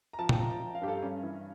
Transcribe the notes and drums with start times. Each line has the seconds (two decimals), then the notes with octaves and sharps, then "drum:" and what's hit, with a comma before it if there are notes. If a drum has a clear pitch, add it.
0.13 A#5
0.19 F3 A5
0.29 G5, drum: tom
0.40 F3 A#5
0.50 A#5
0.60 F3
0.75 F5
0.81 G2 G4
0.88 A4
1.02 G3 C#4
1.23 E3